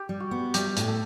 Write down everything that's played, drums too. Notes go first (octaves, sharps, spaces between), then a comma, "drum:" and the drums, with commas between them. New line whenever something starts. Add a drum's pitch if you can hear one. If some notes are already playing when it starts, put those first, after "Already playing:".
Already playing: G4
G3
F#4
B3
G3 G4, drum: hi-hat
A2 G4, drum: hi-hat
A4